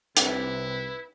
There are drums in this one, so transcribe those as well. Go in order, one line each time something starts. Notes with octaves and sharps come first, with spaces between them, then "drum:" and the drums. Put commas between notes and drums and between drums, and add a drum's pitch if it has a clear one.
C2 C3 E4 B4, drum: hi-hat